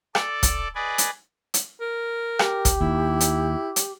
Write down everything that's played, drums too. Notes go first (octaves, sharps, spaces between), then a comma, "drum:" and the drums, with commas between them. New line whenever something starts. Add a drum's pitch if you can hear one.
A4 D5, drum: rim click
drum: kick, hi-hat
G#4 B4 D5 D#5 G#5
drum: hi-hat
drum: hi-hat
A#4
G4, drum: rim click
drum: kick, hi-hat
D#2 E4
drum: hi-hat
drum: hi-hat